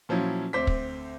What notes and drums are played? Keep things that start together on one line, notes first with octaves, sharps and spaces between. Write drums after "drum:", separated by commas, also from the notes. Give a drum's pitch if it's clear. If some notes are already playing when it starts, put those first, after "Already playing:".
A#2 F3 F#3 C#4 E4
D2 C4 C5 D6 B6
drum: kick